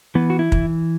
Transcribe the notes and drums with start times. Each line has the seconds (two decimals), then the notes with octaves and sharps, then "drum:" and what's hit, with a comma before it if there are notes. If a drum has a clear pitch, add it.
0.15 E3 B3
0.30 F#4
0.39 E4
0.52 E3, drum: kick